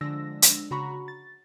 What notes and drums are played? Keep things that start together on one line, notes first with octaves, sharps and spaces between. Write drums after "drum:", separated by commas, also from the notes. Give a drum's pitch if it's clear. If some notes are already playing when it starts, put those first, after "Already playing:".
D3 F3 G#3 D4 E6 A#6
drum: hi-hat
C#3 F#4 A#5 B5 C#6
A6